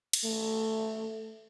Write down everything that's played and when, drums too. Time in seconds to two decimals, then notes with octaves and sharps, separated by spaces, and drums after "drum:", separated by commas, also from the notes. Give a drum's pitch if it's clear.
0.13 drum: cymbal
0.24 A3